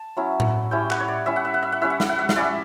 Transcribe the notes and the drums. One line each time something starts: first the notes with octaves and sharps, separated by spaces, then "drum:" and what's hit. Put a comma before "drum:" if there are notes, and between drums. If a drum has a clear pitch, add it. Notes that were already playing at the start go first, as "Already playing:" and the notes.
Already playing: A5
F#3 C#4 E4
drum: tom A2
G3 C#4 E4 G5
F#5, drum: clap
C#5
D5
G3 C#4 E4 E5
F#5
E5
F#5
E5
F#5
G3 C#4 E4 E5
F#5
E5, drum: snare
F#5
E5
E5, drum: snare
G3 C#4 E4 D5